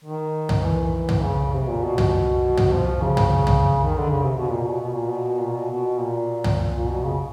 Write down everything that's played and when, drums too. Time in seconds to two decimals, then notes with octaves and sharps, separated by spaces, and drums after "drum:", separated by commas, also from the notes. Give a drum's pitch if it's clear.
0.04 D#3
0.49 drum: tom
0.64 E3
1.09 drum: tom
1.24 C#3
1.53 C3
1.68 A#2
1.83 B2
1.98 drum: tom
2.57 drum: tom
2.72 F3
3.02 C#3
3.17 drum: tom
3.47 drum: tom
3.83 D#3
3.96 D3
4.10 C#3
4.23 C3
4.36 B2
4.50 A#2
4.66 B2
4.81 B2
4.96 A#2
5.11 B2
5.40 A#2
5.55 B2
5.70 B2
5.99 A#2
6.44 drum: tom
6.78 A#2
6.89 B2
7.04 C#3